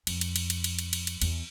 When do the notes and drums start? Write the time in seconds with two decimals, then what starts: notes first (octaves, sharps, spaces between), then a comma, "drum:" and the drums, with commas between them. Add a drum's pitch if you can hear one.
0.07 F2, drum: cymbal
0.21 drum: cymbal
0.36 drum: cymbal
0.50 drum: cymbal
0.64 drum: cymbal
0.79 drum: cymbal
0.93 drum: cymbal
1.07 drum: cymbal
1.22 E2, drum: cymbal